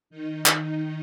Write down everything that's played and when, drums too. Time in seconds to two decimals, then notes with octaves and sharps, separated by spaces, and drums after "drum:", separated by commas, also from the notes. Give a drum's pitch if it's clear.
0.10 D#3 D#4
0.46 drum: clap